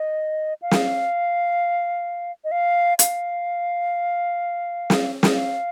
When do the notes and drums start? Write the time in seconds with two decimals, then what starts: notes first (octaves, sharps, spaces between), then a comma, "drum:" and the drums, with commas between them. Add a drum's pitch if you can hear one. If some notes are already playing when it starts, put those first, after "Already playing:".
Already playing: D#5
0.62 F5
0.71 drum: snare
2.44 D#5
2.52 F5
2.99 F5, drum: hi-hat
4.90 drum: snare
5.23 drum: snare
5.34 F5